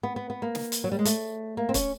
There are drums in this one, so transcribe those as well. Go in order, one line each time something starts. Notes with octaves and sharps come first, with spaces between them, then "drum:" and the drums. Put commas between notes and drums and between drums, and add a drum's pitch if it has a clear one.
B3
B3
B3
A#3
drum: snare
drum: hi-hat
F#3
G3
G#3
A3, drum: hi-hat
A#3
C4
C#4, drum: kick, hi-hat